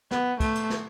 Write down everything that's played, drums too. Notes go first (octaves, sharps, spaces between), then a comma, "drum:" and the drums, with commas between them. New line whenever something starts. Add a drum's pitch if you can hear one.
B3, drum: snare
A3, drum: kick, cymbal
drum: cymbal
drum: snare